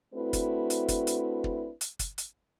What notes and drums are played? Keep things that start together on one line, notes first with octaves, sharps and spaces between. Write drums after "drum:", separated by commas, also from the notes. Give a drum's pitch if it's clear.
A3 C4 D4 E4 F#4 B4
drum: kick, hi-hat
drum: hi-hat
drum: kick, hi-hat
drum: hi-hat
drum: kick
drum: hi-hat
drum: kick, hi-hat
drum: hi-hat